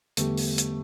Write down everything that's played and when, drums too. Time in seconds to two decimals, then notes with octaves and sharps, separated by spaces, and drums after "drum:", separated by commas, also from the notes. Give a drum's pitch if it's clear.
0.17 E2 D3 G3 A3 B3 G4, drum: hi-hat
0.37 drum: open hi-hat
0.58 drum: hi-hat